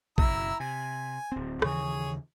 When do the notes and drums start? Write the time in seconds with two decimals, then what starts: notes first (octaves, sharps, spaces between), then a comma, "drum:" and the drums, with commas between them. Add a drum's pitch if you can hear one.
0.18 F#1 B2 E4 A#5 E6, drum: kick
0.60 C3 G#5
1.32 D1 C4
1.62 D#2 C#3 E3 G#4 C#5, drum: rim click